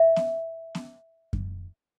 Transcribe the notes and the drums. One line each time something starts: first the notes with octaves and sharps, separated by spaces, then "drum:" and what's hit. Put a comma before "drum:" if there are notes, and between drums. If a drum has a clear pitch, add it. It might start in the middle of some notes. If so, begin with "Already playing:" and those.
Already playing: E5
drum: snare B3
drum: snare B3
drum: kick F#2